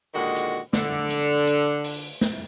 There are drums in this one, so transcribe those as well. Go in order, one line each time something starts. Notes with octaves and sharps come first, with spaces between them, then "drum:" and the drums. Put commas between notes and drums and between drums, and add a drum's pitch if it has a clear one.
A#2 D3 D#3 G#3 F#4
drum: hi-hat
D3, drum: snare
drum: hi-hat
drum: hi-hat
drum: open hi-hat
drum: snare